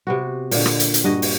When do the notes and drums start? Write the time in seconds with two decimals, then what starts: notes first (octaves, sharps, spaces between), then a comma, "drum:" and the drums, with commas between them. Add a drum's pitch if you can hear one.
0.07 C3 B3 F#4
0.51 A#2 D3, drum: open hi-hat
0.66 drum: rim click
0.80 drum: hi-hat
0.94 drum: hi-hat
1.04 G2 F#4 D#5
1.22 drum: open hi-hat